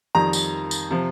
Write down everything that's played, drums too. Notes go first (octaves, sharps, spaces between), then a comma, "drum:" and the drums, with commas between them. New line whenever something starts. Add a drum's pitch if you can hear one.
F2 D#3 G3 A#5
drum: tambourine
drum: tambourine
C3 F3